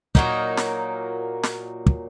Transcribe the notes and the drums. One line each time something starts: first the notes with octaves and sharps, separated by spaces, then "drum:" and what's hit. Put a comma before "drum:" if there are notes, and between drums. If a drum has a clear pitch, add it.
A#2 F#3 A#3 D#4, drum: kick
drum: snare
drum: snare
drum: kick